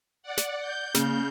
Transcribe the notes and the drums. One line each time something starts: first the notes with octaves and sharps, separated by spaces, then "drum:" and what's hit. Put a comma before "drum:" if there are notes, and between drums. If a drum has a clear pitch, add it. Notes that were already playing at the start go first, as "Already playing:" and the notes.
D5 F#5
drum: snare
G6
C#3 A#3, drum: snare